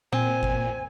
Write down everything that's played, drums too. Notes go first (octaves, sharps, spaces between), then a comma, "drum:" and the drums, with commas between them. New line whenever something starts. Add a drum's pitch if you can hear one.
A#2 C4 G#5
drum: kick G1